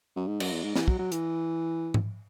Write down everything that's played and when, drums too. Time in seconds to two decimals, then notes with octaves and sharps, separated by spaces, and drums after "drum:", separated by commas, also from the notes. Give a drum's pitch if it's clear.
0.16 F#2
0.27 G#2
0.40 F#2, drum: cymbal
0.52 E2
0.64 G#2
0.76 E3, drum: snare
0.88 F#3, drum: kick
0.99 F#3
1.12 E3, drum: hi-hat
1.94 drum: tom G#2